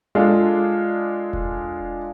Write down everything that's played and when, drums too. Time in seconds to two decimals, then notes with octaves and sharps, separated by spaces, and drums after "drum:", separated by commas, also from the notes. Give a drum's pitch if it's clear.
0.15 G#3 D4 F4 G#4 A4
1.33 drum: kick E1